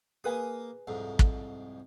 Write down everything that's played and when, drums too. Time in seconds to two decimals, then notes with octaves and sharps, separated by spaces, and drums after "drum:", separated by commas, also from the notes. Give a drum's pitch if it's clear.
0.24 A#3 G#4 B4 G#5 D#6
0.87 C2 F2 G#2
1.19 drum: kick